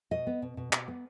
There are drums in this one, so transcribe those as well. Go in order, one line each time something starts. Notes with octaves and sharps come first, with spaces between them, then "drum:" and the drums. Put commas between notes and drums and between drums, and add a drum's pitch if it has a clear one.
B2 D#5
B3
B2
B2
B2, drum: clap
B3